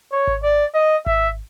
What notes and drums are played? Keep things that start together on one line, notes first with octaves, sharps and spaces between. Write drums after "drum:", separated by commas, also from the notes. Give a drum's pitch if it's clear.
C#5
drum: kick G#1
D5
D#5
E5, drum: kick G#1